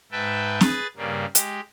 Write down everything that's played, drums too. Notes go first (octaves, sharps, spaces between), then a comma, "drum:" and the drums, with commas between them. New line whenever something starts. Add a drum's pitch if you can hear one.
G#2 B4 E5 G5 A5
G#4 B4 A6, drum: snare C4
G2 C#3 G3 A#3
G#3 G4, drum: hi-hat